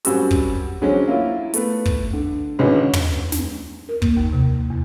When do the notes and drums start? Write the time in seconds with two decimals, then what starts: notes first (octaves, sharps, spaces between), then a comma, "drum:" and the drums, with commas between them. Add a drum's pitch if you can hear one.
0.05 F#2 G3 C4 F#4 E6, drum: hi-hat
0.31 drum: kick
0.81 D3 F#3 G#3 C4 C#4
1.08 A#3 E4 F4
1.54 A3 B3, drum: hi-hat
1.86 drum: kick
2.13 D3
2.59 G#1 C#2 D3 G#3 C#4 B4
2.93 drum: tom
3.32 drum: snare
3.89 A#4
4.02 A#3, drum: kick
4.17 D#2
4.33 C3
4.70 E2